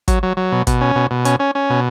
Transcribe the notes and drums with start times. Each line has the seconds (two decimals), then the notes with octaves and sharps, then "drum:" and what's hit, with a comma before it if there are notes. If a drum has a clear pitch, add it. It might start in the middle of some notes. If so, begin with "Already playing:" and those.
0.08 F#3, drum: kick, hi-hat
0.23 F#3
0.37 F#3
0.52 B2
0.67 B2, drum: kick, hi-hat
0.81 C#4
0.96 B2
1.11 B2
1.25 C#4, drum: hi-hat
1.39 C#4
1.55 C#4
1.70 B2